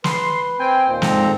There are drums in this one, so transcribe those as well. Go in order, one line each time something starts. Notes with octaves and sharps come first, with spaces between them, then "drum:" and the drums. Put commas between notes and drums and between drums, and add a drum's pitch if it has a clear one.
B4 C6, drum: snare
C4 G5 G#5
D#2 A#2 C5
G#2 C4 A4 A#5, drum: snare